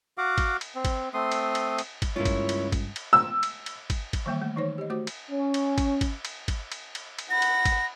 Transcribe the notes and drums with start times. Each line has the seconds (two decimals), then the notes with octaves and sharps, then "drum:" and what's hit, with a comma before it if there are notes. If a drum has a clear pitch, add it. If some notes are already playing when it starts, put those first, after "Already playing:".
0.18 F#4 F5 F#5 D6
0.38 drum: kick, cymbal
0.61 drum: cymbal
0.75 C4
0.85 drum: kick, cymbal
1.14 A3 C4 C6 D#6
1.32 drum: cymbal
1.55 drum: cymbal
1.78 drum: cymbal
2.02 drum: kick, cymbal
2.16 C#2 G2 G3 A#3 E4 F4 C#5
2.25 drum: kick, cymbal
2.49 drum: cymbal
2.72 drum: kick, cymbal
2.96 drum: cymbal
3.13 E6
3.43 drum: cymbal
3.66 drum: cymbal
3.90 drum: kick, cymbal
4.13 drum: kick, cymbal
4.26 D#3 E3 G3 A#3 E5 G5
4.42 A3
4.56 D#3 E3 D#4 C5 C#5
4.78 G4 D#5
4.90 A3 F#4 C5 D6
5.07 drum: cymbal
5.31 C#4
5.54 drum: cymbal
5.78 drum: kick, cymbal
6.01 drum: kick, cymbal
6.25 drum: cymbal
6.48 drum: kick, cymbal
6.72 drum: cymbal
6.95 drum: cymbal
7.19 drum: cymbal
7.30 F#5 B5 A#6
7.42 drum: cymbal
7.65 drum: kick, cymbal